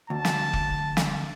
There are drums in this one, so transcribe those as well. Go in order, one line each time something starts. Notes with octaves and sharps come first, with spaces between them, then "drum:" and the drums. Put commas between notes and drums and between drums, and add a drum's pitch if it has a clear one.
D2 A5
drum: snare
drum: kick F1
drum: snare